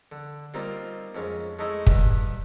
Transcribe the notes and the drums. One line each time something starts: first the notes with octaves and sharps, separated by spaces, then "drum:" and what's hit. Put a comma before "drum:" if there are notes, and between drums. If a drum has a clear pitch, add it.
D3
G3 A#3 C4 D#4 F4
F2 G#2 C#4
G#3 A3 D#4 E4 D#5
G2 G4, drum: kick